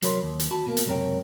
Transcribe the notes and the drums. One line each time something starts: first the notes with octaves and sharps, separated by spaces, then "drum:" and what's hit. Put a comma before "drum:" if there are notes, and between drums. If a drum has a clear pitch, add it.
C2 F#3 A#4 C#5 B5 C6, drum: hi-hat
D#2
drum: hi-hat
F#4 A5 B5
B2 A#3
drum: hi-hat
C#2 F#2 C3 A#4 C#5 G5